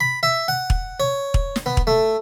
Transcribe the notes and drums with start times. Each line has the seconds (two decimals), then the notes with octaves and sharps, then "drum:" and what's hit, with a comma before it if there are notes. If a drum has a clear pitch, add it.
0.01 B5
0.23 E5
0.48 F#5
0.70 drum: kick
1.00 C#5
1.34 drum: kick
1.56 drum: snare
1.66 B3
1.77 drum: kick
1.87 A3